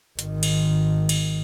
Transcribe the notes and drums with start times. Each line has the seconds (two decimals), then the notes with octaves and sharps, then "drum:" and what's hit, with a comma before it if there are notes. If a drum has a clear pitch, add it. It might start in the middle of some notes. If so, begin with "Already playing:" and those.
0.19 G#1 D#3, drum: hi-hat
0.43 drum: cymbal
1.09 drum: cymbal